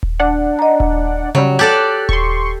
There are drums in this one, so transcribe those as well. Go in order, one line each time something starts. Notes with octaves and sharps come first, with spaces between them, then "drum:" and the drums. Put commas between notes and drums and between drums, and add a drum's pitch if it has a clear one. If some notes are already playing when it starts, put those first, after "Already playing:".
drum: kick D#1
D4 D5 F#5
D#5 A#5
drum: kick D#1
C#3 F#3 G3
G4 A4 D5 F#6
C6 C#6, drum: kick D#1